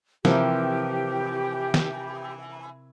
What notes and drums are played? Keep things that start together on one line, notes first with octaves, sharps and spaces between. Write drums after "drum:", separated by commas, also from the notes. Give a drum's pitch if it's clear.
C3 E3 F3 C4 G4 A#4, drum: snare
drum: snare